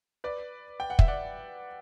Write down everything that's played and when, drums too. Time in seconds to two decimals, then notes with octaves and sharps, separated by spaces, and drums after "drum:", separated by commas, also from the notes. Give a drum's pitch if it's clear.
0.24 B4 D5
0.80 G5
0.90 F#5
0.99 E5, drum: kick
1.08 D5 F#5